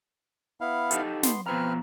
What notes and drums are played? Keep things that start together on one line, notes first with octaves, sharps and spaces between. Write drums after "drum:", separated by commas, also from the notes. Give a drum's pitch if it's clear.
B3 E4 F5
D#4 G4 A4, drum: hi-hat
B3 C6, drum: snare
B2 F3 C4 B4 A#5 F6